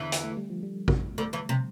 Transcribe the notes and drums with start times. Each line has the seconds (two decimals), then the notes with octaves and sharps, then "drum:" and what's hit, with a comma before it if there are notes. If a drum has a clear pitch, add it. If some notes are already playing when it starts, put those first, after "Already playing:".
Already playing: E2 D3 E3
0.12 drum: hi-hat
0.24 A3
0.37 G3
0.50 F3
0.63 G3
0.88 drum: kick A1
1.18 D2 D3
1.33 E2 E3
1.49 C3